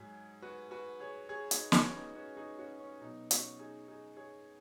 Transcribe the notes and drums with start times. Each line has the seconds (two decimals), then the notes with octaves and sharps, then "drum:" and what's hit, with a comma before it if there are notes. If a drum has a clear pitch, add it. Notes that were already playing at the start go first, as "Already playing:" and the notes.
Already playing: G#2 F#3 G#4
0.42 F#4 B4
0.71 F#4 B4
1.00 G#4 C#5
1.29 G#4 C#5
1.51 D#4, drum: hi-hat
1.72 C#4 F#4, drum: snare
1.94 D#4
2.15 C#4 F#4
2.37 D#4 G#4
2.59 C#4 F#4
2.80 C#4
3.02 B2 F#3 D#4
3.31 C#4 F#4, drum: hi-hat
3.59 D#4 G#4
3.88 D#4 G#4
4.17 G#4 C#5